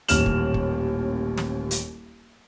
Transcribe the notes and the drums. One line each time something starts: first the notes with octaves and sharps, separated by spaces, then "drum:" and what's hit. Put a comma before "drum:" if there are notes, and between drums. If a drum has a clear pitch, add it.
D#1 A1 D#2 F6 E7 F#7, drum: hi-hat
drum: kick
drum: kick
drum: snare
drum: hi-hat